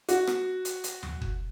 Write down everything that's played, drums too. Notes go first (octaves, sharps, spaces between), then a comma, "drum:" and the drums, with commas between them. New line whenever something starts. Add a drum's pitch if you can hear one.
F#4, drum: hi-hat
drum: rim click
drum: hi-hat
drum: hi-hat
drum: tom D#2
drum: kick